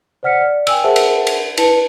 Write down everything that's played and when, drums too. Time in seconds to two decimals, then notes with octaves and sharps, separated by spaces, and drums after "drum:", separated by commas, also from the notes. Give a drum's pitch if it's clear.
0.23 C5 D5 F#5 F6 B6 C#7
0.41 D5
0.67 G5 G#5 E6, drum: cymbal
0.83 G#4 A#4 C5 E5 F#5 A5
0.96 drum: cymbal
1.27 drum: cymbal
1.57 E4 B4 A5 C#7, drum: cymbal